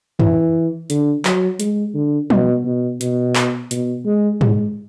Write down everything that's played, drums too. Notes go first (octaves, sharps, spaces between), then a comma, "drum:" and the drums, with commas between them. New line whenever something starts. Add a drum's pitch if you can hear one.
E3, drum: tom
D3, drum: hi-hat
F#3, drum: clap
G#3, drum: hi-hat
D3
B2, drum: tom
B2
B2, drum: hi-hat
drum: clap
B2, drum: hi-hat
G#3
G#3, drum: tom